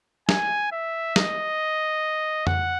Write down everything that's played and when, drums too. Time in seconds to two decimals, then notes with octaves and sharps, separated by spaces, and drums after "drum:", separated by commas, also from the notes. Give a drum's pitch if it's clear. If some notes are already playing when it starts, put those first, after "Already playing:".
0.29 G#5, drum: snare
0.72 E5
1.16 D#5, drum: snare
2.47 F#5, drum: tom F2